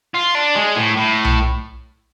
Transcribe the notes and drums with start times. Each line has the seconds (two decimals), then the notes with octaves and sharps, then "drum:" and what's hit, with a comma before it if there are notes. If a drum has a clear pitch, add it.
0.14 F4
0.35 D4
0.56 G#3
0.76 A2
0.97 A2
1.25 drum: tom B1